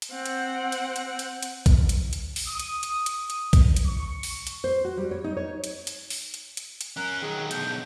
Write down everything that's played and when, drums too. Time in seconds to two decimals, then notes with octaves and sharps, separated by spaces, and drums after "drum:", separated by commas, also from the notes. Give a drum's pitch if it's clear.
0.02 drum: hi-hat
0.11 C4 F#5
0.26 drum: hi-hat
0.72 drum: hi-hat
0.96 drum: hi-hat
1.19 drum: hi-hat
1.43 drum: hi-hat
1.66 drum: kick B1, hi-hat
1.89 drum: hi-hat
2.13 drum: hi-hat
2.36 drum: open hi-hat
2.48 D#6
2.59 drum: hi-hat
2.83 drum: hi-hat
3.06 drum: hi-hat
3.30 drum: hi-hat
3.53 drum: kick B1, hi-hat
3.76 drum: hi-hat
3.87 C#6
4.23 drum: open hi-hat
4.47 drum: hi-hat
4.64 C5
4.85 F#4
4.97 G3
5.11 C#5
5.24 D#4
5.37 C#5
5.64 drum: hi-hat
5.87 drum: hi-hat
6.10 drum: open hi-hat
6.34 drum: hi-hat
6.57 drum: hi-hat
6.81 drum: hi-hat
6.97 C#4 A#4 F#6
7.22 D#3 F#3 G#4
7.51 B1 D3 G6, drum: hi-hat